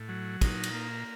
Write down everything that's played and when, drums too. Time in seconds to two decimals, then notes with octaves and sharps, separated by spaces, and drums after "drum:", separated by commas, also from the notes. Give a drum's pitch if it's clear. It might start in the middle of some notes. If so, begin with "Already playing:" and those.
Already playing: A2
0.09 F#3
0.41 A#2 D#4, drum: kick, cymbal
0.64 drum: cymbal
0.74 A#3